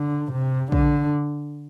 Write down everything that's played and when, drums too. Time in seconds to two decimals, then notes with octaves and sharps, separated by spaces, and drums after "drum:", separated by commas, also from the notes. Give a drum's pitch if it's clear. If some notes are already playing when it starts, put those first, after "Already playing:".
Already playing: D3
0.32 C3
0.72 D3, drum: kick